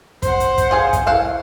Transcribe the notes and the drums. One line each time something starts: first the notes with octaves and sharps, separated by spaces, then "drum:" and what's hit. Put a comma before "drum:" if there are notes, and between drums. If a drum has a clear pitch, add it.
C5 F#5, drum: kick, hi-hat
drum: hi-hat
drum: kick, hi-hat
F4 G#4 F5
drum: kick, hi-hat
E4 F5 F#5